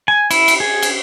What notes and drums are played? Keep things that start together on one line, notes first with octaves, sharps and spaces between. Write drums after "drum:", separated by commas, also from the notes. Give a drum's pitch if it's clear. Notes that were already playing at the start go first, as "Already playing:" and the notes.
G#5
E4, drum: cymbal
drum: cymbal
G#4
drum: cymbal